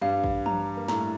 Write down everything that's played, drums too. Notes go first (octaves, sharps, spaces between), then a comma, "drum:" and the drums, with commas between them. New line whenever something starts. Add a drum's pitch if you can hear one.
G2 G3 F5
drum: kick
A#5, drum: tom
A#3
A2 A3 A#5, drum: snare